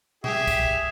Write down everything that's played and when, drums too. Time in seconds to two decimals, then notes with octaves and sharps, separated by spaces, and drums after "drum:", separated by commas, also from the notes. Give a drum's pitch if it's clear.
0.24 G4 G#4 E5, drum: tom A#2
0.47 drum: kick, tambourine